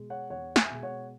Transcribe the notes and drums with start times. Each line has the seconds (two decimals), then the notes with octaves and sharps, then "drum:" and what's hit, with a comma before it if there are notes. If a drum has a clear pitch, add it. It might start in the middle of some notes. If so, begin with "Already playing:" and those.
Already playing: B2 G#3
0.10 C#5 F#5
0.30 E2 C#5 F#5
0.56 E5 G#5, drum: snare
0.70 B2 G#3
0.83 C#5 F#5